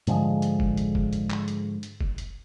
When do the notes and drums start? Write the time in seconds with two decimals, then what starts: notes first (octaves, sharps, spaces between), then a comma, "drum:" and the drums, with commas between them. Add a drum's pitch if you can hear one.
0.07 G#2 D3 F3 G#3, drum: hi-hat
0.42 drum: hi-hat
0.60 drum: kick F#1
0.77 drum: hi-hat
0.95 drum: kick F#1
1.13 drum: hi-hat
1.30 drum: clap
1.48 drum: hi-hat
1.83 drum: hi-hat
2.01 drum: kick F#1
2.18 drum: hi-hat